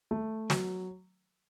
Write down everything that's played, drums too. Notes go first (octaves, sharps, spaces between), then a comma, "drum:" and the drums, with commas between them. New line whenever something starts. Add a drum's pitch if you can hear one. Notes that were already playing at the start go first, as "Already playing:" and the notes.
A3
F#3, drum: snare